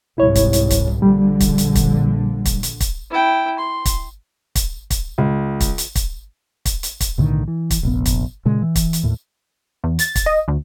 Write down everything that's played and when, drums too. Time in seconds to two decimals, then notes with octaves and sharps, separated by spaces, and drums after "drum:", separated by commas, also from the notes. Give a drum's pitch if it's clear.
0.18 C2 G#2 E4 C#5
0.35 drum: kick, hi-hat
0.53 drum: hi-hat
0.70 drum: kick, hi-hat
1.02 A#1 D3 G3
1.40 drum: kick, hi-hat
1.58 drum: hi-hat
1.75 drum: kick, hi-hat
2.45 drum: kick, hi-hat
2.63 drum: hi-hat
2.80 drum: kick, hi-hat
3.10 E4 G5
3.59 C6
3.86 drum: kick, hi-hat
4.56 drum: kick, hi-hat
4.91 drum: kick, hi-hat
5.18 C#2
5.61 drum: kick, hi-hat
5.78 drum: hi-hat
5.96 drum: kick, hi-hat
6.66 drum: kick, hi-hat
6.83 drum: hi-hat
7.01 drum: kick, hi-hat
7.18 B1 A2 D3 D#3
7.48 E3
7.71 drum: kick, hi-hat
7.83 F1 A#1 B3
8.06 drum: kick, hi-hat
8.45 A#2 C#3 G#3
8.62 E3
8.76 drum: kick, hi-hat
8.93 drum: hi-hat
9.03 D#2 A2
9.84 E2
9.99 A6, drum: hi-hat
10.16 drum: kick, hi-hat
10.26 D#5
10.48 D2